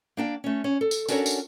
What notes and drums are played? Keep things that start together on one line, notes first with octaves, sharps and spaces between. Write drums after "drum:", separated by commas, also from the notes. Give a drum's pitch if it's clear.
A#3 D4 G5
A3 C#4
C#4
A4
drum: tambourine
C#4 D4 F#4 A4 A#4 C#5, drum: tambourine
drum: tambourine